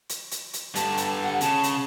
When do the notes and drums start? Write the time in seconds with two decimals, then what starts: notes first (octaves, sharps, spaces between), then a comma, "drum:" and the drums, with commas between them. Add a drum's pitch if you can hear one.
0.09 drum: hi-hat
0.31 drum: hi-hat
0.53 drum: hi-hat
0.75 G2 D3 A5, drum: hi-hat
0.97 drum: hi-hat
1.23 F#5
1.41 C#3 A5, drum: hi-hat
1.63 drum: hi-hat